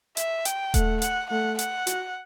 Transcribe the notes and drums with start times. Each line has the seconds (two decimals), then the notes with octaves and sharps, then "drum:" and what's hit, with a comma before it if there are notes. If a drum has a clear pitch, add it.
0.17 E5, drum: hi-hat
0.45 G5, drum: hi-hat
0.74 A3 F#5, drum: kick D#1, hi-hat
1.02 F#5, drum: hi-hat
1.30 A3 F#5
1.59 F#5, drum: hi-hat
1.87 F#4, drum: hi-hat